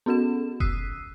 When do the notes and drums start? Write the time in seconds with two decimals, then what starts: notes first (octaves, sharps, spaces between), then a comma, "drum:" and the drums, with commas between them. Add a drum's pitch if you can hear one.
0.06 B3 C#4 F#4 A4 E7
0.60 D#6 E6 F#6 B6 C7 D#7, drum: kick F1